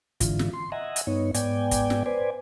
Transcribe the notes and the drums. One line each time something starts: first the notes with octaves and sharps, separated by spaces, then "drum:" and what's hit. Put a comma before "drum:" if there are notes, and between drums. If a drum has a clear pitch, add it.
G#2 D3 E3 F4, drum: kick, hi-hat
drum: snare
C6
D#5 E5 F#5 G#5 A#5
drum: hi-hat
G2 B3 D#4 C#5
G#2 B3 D5 G5 G#5, drum: hi-hat
drum: kick, hi-hat
drum: snare
B4 C5 D5 G#5